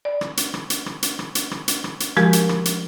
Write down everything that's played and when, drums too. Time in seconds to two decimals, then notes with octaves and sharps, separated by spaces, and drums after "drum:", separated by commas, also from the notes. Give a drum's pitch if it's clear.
0.05 D5
0.21 drum: rim click
0.37 drum: hi-hat
0.54 drum: rim click
0.70 drum: hi-hat
0.86 drum: rim click
1.03 drum: hi-hat
1.19 drum: rim click
1.35 drum: hi-hat
1.51 drum: rim click
1.68 drum: hi-hat
1.84 drum: rim click
2.00 drum: hi-hat
2.17 F3 G#3 F#4 G4 A#4, drum: rim click
2.33 drum: hi-hat
2.49 drum: rim click
2.65 drum: hi-hat